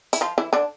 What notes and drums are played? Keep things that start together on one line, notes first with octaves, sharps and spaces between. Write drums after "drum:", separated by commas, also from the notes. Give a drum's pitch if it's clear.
E4, drum: hi-hat
F3 F4
E3 E4
D3 D4